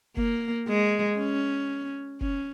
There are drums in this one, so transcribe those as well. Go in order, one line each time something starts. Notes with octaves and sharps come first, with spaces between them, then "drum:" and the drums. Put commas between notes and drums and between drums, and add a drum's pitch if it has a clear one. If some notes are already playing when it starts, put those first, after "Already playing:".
A#3, drum: kick F#1
G#3
C#4
C#4, drum: kick F#1